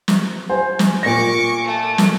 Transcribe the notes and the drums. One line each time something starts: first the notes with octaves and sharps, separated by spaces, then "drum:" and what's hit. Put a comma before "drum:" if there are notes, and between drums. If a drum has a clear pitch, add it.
drum: snare
C5 G#5
drum: snare
A#2 C#6 D6 A#6
A3
drum: snare